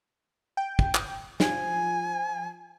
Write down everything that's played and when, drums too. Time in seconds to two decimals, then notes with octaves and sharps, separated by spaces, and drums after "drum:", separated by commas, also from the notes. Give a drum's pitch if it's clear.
0.57 G5
0.79 drum: kick
0.95 drum: clap
1.40 F3 G#5, drum: snare